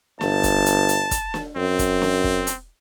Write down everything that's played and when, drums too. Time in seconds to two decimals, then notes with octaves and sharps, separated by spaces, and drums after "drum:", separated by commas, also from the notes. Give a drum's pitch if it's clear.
0.21 G1 A5, drum: snare
0.43 drum: kick, hi-hat
0.66 drum: hi-hat
0.89 drum: hi-hat
1.11 drum: kick, hi-hat
1.34 drum: snare
1.56 F#2 C4
1.79 drum: kick, hi-hat
2.02 drum: snare
2.24 drum: kick
2.47 drum: hi-hat